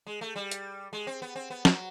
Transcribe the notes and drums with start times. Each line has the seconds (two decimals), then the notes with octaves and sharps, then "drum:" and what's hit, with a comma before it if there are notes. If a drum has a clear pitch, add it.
0.07 G#3
0.21 A3
0.36 G3
0.51 drum: hi-hat
0.93 G#3
1.07 C4
1.22 B3
1.36 C4
1.50 B3
1.65 F#3, drum: snare